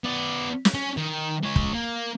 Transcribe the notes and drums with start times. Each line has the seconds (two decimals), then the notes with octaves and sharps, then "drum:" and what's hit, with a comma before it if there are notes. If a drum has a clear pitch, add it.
0.04 B3 D5
0.65 drum: snare
0.74 C#4
0.97 D#3
1.43 G#3 C#5
1.56 drum: kick
1.73 A#3